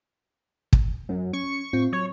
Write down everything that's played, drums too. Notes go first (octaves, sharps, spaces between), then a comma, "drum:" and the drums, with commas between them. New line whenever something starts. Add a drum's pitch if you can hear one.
drum: kick
F#2
C#4 C#6
A2 C4 F4
F#3 C#5